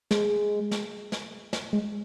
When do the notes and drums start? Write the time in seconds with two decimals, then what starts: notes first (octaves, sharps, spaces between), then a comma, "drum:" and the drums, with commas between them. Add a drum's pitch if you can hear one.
0.11 G#3, drum: snare
0.71 drum: snare
1.12 drum: snare
1.53 drum: snare
1.73 G#3